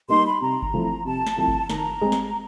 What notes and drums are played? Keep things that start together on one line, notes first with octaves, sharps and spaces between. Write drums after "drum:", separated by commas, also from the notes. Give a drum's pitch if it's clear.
G3 A#3 D#4 C6
B5
C3 A#5
drum: kick G1
F3 A3 C4 E4
C3 A5
drum: snare
F3 A3 C4 E4
drum: kick G1
D#3 A#5, drum: snare
G#3 C4
drum: snare